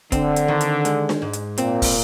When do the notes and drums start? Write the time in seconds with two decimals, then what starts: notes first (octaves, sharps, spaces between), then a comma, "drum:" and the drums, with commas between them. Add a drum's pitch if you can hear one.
0.12 D3 C4, drum: kick, hi-hat
0.36 drum: hi-hat
0.48 D#3
0.61 drum: hi-hat
0.85 G#3, drum: hi-hat
1.09 drum: snare D4
1.22 G#2
1.33 drum: hi-hat
1.58 A#2 C4, drum: hi-hat
1.82 drum: kick, open hi-hat